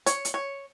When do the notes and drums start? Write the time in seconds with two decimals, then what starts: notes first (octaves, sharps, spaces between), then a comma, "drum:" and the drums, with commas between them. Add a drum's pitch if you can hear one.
0.06 C#5, drum: hi-hat
0.25 drum: hi-hat
0.34 C#5